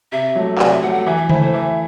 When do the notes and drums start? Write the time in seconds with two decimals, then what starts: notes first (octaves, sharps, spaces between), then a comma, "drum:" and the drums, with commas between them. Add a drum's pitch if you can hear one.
0.12 C3 E5
0.35 F#3 A3
0.58 C3 D5, drum: clap
0.71 E5
0.82 F#3 A3 F#5
0.94 F#5
1.06 E3 E5
1.17 E5
1.29 A3 E4 C5, drum: tom C#3
1.41 C5
1.53 E3 E5